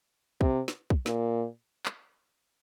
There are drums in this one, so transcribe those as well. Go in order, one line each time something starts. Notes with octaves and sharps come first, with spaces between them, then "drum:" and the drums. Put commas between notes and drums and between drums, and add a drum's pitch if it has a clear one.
C3, drum: kick
drum: snare
drum: kick
A#2, drum: snare
drum: clap